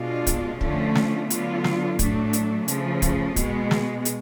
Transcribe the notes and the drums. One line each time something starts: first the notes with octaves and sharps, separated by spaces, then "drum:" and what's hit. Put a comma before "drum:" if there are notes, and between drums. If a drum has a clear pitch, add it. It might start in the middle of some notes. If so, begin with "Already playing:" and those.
Already playing: B2 G#3 D4 F4
drum: kick, hi-hat
D3 F3 A3 C#4 F4, drum: kick
drum: snare
D3 F#3 B3 F4, drum: hi-hat
drum: snare
A2 F#3 A3 D4, drum: kick, hi-hat
drum: hi-hat
C#3 F3 A3, drum: hi-hat
drum: kick, hi-hat
B2 G#3 B3, drum: kick, hi-hat
drum: snare
drum: hi-hat